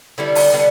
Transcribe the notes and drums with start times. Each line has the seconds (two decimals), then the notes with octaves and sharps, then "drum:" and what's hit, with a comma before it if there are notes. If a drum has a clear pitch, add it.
0.18 D3 G3 B3 D4 E4
0.35 drum: open hi-hat
0.52 D3 G3 B3 D4